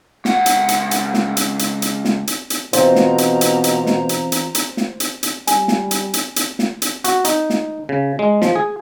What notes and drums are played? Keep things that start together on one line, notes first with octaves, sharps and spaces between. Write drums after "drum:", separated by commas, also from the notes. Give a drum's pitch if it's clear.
C#2 F#5, drum: snare
drum: hi-hat
drum: hi-hat
drum: hi-hat
drum: snare
drum: hi-hat
drum: hi-hat
drum: hi-hat
drum: snare
drum: hi-hat
drum: hi-hat
B2 E3 C4 F4 C5 A#5, drum: hi-hat
drum: snare
drum: hi-hat
drum: hi-hat
drum: hi-hat
drum: snare
drum: hi-hat
drum: hi-hat
drum: hi-hat
drum: snare
drum: hi-hat
drum: hi-hat
G3 G#5, drum: hi-hat
drum: snare
drum: hi-hat
drum: hi-hat
drum: hi-hat
drum: snare
drum: hi-hat
F#4, drum: hi-hat
D#4, drum: hi-hat
drum: snare
C#3
G#3
F3, drum: snare
G#4